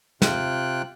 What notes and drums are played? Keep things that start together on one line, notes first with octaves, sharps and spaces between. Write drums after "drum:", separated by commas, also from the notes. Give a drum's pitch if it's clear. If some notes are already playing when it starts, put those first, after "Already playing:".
C3 F4 G5 F#6, drum: snare